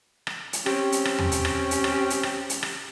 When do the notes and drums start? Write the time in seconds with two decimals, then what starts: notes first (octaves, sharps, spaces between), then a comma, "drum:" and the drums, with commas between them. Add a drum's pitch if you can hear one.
0.27 drum: rim click
0.53 drum: hi-hat
0.66 C4 C#4 G4, drum: rim click
0.92 drum: hi-hat
1.05 drum: rim click
1.19 drum: tom E2
1.32 drum: hi-hat
1.45 drum: rim click
1.71 drum: hi-hat
1.84 drum: rim click
2.10 drum: hi-hat
2.23 drum: rim click
2.50 drum: hi-hat
2.63 drum: rim click